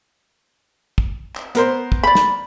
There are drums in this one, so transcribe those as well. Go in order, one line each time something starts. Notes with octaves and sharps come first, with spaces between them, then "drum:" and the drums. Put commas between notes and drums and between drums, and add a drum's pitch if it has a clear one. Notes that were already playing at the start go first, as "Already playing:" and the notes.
drum: kick
drum: clap
B3 A#4 C5, drum: hi-hat
drum: kick
D5 B5
drum: snare